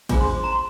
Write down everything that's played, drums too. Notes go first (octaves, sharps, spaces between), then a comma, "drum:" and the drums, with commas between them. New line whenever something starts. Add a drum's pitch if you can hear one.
D4 F4 G#4 C5 D6, drum: kick, cymbal
C6
D6
A#5
C6